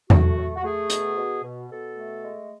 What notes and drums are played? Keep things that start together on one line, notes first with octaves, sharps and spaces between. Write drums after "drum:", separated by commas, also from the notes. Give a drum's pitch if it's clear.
A3 F#4, drum: tom E2
A3
F#4
A3 G#4
B2, drum: hi-hat
B2
B2
B2 A4
A3
G#3